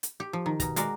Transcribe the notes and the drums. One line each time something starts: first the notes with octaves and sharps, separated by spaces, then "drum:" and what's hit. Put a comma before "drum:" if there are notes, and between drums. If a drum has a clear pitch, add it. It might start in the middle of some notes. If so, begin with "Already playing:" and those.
drum: hi-hat
G4
F3
D#3
B2 A#5, drum: kick, hi-hat
G#3 F#4 A#4 D5, drum: hi-hat